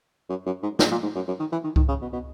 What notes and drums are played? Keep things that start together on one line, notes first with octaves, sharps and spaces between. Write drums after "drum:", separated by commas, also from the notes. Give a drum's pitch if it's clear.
F#2
F#2
G#2
A#2, drum: snare
A#2
G#2
F#2
F#2
D#3
E3
D#3
D#3, drum: kick C2
C#3
B2
B2